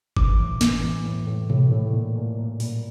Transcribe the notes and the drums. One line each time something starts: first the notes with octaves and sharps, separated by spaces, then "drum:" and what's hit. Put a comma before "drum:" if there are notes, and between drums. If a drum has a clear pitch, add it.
E3 D6, drum: kick G1
A2
E3, drum: snare
E3
A2
A2
A2, drum: tom B2
A2
A#2
A#2
A#2
A#2, drum: open hi-hat